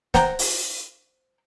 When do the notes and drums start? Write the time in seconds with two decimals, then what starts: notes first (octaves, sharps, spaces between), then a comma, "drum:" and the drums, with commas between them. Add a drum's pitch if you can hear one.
0.14 C5 F#5 G5 A#5, drum: snare
0.39 drum: open hi-hat